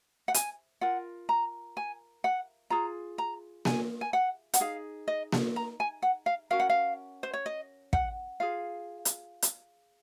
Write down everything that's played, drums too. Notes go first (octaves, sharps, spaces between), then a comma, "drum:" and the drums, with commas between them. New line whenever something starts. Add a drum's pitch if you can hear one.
F#5
G#5, drum: hi-hat
F4 A#4 F#5
A#5
G#5
F#5
F4 G#4 A#5
A#5
G#5, drum: snare A#3
G#5
F#5
F#5, drum: hi-hat
D#4 G#4 F5
D#5
drum: snare A#3
A#5
G#5
F#5
F5
C#4 F#4 A#4 F5
F#5
F5
C5
C#5
D#5
F#5, drum: kick
F4 G#4 F5
drum: hi-hat
drum: hi-hat